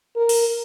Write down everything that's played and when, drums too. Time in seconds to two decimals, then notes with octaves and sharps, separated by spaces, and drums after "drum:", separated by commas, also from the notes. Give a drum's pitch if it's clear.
0.16 A#4
0.29 drum: open hi-hat